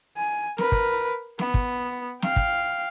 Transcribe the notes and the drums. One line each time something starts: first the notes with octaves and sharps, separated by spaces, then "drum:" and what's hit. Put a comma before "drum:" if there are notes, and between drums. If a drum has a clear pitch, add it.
G#5
A#4 B4, drum: snare
drum: kick
B3, drum: snare
drum: kick
F5 G5, drum: snare
drum: kick